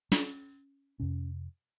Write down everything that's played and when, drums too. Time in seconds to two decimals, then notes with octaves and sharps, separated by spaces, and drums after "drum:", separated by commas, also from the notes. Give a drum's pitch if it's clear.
0.12 C#4, drum: snare
1.00 F2 C3 C#4